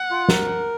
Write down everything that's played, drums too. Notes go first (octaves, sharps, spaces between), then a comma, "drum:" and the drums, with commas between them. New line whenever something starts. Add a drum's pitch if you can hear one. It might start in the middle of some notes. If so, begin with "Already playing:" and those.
Already playing: F#5
F4
A#4, drum: snare